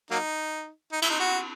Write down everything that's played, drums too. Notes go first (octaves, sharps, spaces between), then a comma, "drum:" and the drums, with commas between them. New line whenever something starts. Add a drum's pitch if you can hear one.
F#3 A#3 D#4
D#4
E4, drum: cymbal
D#4
F#4